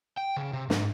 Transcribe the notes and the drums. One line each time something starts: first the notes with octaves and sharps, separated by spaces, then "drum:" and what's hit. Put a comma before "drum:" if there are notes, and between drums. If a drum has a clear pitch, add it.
G5
C#3
C3
G#2, drum: snare